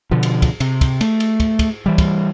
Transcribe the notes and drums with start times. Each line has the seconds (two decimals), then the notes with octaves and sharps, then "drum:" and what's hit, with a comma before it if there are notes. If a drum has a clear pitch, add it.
0.11 B2 D3 F3
0.23 drum: cymbal
0.42 drum: kick, cymbal
0.60 C3, drum: cymbal
0.81 drum: kick, cymbal
1.01 A3, drum: cymbal
1.20 drum: cymbal
1.40 drum: kick, cymbal
1.59 drum: kick, cymbal
1.86 E3 G3
1.98 drum: kick, cymbal